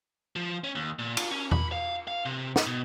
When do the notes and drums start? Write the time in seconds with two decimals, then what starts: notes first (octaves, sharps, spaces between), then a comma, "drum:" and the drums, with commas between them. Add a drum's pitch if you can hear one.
0.36 F3
0.64 C#4
0.75 D#2
0.99 A#2
1.17 F4, drum: cymbal
1.32 C#4
1.51 B5, drum: tom E2
1.72 F5
2.08 F5
2.26 C3
2.56 drum: snare
2.67 B2